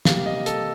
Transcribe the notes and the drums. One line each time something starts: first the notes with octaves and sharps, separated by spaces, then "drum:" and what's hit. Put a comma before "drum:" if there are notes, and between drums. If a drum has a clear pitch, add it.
C3 G3 A#3 F5, drum: snare
D#5
A4, drum: hi-hat